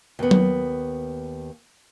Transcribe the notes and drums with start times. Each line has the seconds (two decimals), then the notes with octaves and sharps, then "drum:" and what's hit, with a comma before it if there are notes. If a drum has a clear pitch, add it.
0.19 D#2 B3
0.31 drum: tom F#3